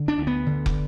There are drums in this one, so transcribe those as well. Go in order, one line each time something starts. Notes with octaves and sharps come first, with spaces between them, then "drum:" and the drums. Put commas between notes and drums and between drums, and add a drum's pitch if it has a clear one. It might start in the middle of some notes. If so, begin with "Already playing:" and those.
Already playing: D3
D4
D2
B3
D3
drum: kick